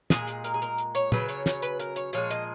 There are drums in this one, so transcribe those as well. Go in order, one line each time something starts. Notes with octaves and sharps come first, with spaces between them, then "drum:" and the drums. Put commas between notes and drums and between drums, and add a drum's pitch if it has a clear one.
A#2 G#3 G#4, drum: snare
drum: hi-hat
A#4, drum: hi-hat
G#4
A#4, drum: hi-hat
drum: hi-hat
C#5, drum: hi-hat
C#3 F#3 B4, drum: tom
C#5, drum: hi-hat
C#5, drum: snare
B4, drum: hi-hat
A#4, drum: hi-hat
C#5, drum: hi-hat
A#2 F3 G#3 C#5, drum: hi-hat
D#5, drum: hi-hat